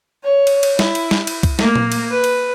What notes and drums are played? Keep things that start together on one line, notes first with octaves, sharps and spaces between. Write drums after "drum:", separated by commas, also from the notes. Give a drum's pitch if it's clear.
C#5
drum: cymbal
drum: cymbal
E4, drum: snare
drum: cymbal
drum: snare
drum: cymbal
drum: kick C2, cymbal
A#3, drum: snare
drum: tom A#2
drum: cymbal
B4
drum: cymbal